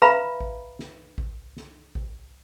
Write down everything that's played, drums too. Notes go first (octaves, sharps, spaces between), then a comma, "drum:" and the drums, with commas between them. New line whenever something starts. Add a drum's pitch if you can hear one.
B4 E5 F5 A#5 B5, drum: snare
drum: kick A1
drum: snare
drum: kick A1
drum: snare
drum: kick A1